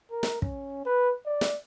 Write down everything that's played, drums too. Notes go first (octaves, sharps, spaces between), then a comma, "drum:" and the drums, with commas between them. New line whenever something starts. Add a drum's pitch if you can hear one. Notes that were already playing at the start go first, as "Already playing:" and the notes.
A#4
drum: snare
C#4, drum: kick
B4
D5
drum: snare